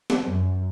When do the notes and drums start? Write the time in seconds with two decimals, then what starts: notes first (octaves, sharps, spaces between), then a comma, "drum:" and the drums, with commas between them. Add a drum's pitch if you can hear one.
0.10 drum: snare
0.20 F#2